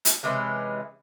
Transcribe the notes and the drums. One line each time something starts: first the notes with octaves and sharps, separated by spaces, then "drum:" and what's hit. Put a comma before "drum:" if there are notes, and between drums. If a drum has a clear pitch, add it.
drum: hi-hat
C3 E3 G#3 C#4